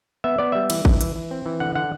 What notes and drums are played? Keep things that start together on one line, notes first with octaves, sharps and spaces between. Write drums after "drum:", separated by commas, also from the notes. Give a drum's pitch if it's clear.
B3 E5
B3 D5
G3 E5
E3, drum: cymbal
E3, drum: kick G#1
E3, drum: hi-hat
E3
C4
E3
D3 F#5
D3 F#5